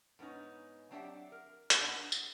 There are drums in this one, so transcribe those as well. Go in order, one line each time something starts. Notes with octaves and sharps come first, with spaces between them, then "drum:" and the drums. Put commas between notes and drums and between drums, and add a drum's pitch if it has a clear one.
G#2 B3 C#4 D#4
F#3 C4 D4 G4 E5 F#5
A#4
drum: hi-hat
A#2 D4 D#4 F#5
G#3
drum: tambourine